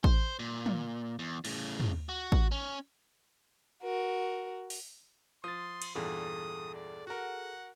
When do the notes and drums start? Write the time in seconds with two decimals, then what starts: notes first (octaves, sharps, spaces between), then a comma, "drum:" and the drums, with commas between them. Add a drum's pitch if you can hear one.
0.04 C5, drum: kick A1
0.39 A#2
0.66 drum: tom
1.19 E2
1.45 A2 C#3, drum: cymbal
1.80 drum: tom
2.09 F#4
2.32 drum: kick A1
2.52 C#4
3.82 F#4 A#4
4.70 drum: open hi-hat
5.44 F3 C6 D#6 A6
5.82 drum: cymbal
5.95 E2 G2 A#2 G#4 A4 D#6
6.74 D5
7.07 F#4 A#4 F#5